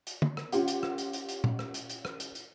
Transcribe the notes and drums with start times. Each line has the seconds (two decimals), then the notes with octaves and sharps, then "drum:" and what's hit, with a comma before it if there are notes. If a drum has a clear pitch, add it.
0.07 drum: hi-hat
0.22 drum: tom
0.37 drum: rim click
0.52 C#4 F4 G4 F#5, drum: hi-hat
0.68 drum: hi-hat
0.83 drum: rim click
0.98 drum: hi-hat
1.13 drum: hi-hat
1.29 drum: hi-hat
1.44 drum: tom A#2
1.59 drum: rim click
1.74 drum: hi-hat
1.90 drum: hi-hat
2.05 drum: rim click
2.20 drum: hi-hat
2.35 drum: hi-hat